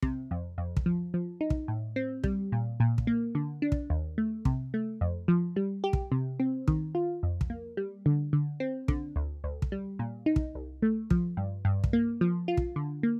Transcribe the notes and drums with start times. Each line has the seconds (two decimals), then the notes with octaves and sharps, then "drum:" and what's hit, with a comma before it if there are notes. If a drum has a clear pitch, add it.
0.02 C3, drum: kick
0.31 F2
0.58 F2
0.77 drum: kick
0.86 F3
1.14 F3
1.41 D#4
1.50 drum: kick
1.68 A2
1.96 C4
2.24 G3, drum: kick
2.52 A#2
2.80 A#2
2.98 drum: kick
3.07 A#3
3.35 D3
3.62 D4
3.72 drum: kick
3.90 D#2
4.18 A3
4.45 C3, drum: kick
4.74 A3
5.01 F2
5.28 F3
5.56 G3
5.84 G4
5.93 drum: kick
6.12 C3
6.40 C4
6.68 D#3, drum: kick
6.95 F4
7.23 F2
7.41 drum: kick
7.50 A#3
7.77 G3
8.06 D3
8.33 D3
8.60 C4
8.88 D3, drum: kick
9.16 D2
9.44 D2
9.62 drum: kick
9.72 G3
9.99 A#2
10.26 D#4
10.36 drum: kick
10.55 C2
10.82 A3
11.10 F3, drum: kick
11.37 G2
11.65 G2
11.84 drum: kick
11.93 A#3
12.21 F3
12.48 F4
12.57 drum: kick
12.76 D3
13.03 A#3